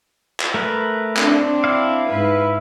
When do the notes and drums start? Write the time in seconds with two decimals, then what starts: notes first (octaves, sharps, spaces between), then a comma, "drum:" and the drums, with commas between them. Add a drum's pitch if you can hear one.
0.40 drum: clap
0.54 A3 A#4 B4
1.17 C4 D4, drum: clap
1.64 E4 F5
2.08 G#2 B4